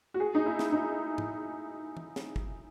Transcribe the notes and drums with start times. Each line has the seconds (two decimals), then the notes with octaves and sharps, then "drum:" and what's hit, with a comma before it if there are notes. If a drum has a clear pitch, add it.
0.14 F#4
0.20 G#4
0.35 D#4
0.46 E4
0.59 drum: snare
0.72 D#4
1.18 drum: tom G#2
1.97 drum: tom
2.16 drum: snare
2.36 drum: kick